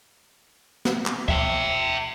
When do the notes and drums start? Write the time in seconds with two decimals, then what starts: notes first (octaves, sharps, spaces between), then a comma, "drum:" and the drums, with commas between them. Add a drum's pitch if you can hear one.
0.85 drum: snare
1.06 drum: clap
1.28 E5 G5, drum: kick D2